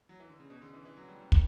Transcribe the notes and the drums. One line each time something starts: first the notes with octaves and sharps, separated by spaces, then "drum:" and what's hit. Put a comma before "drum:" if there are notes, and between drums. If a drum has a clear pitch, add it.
F#3
E3
D3
C#3
B2
C#3
D3
E3
E3
F#3
G3
G3
E3, drum: kick